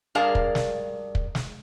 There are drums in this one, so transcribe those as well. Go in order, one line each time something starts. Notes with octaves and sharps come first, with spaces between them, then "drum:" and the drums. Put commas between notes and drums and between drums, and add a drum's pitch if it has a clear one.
G2 G#4 A#4 D5 F5 A5
drum: kick
drum: snare
drum: kick
drum: snare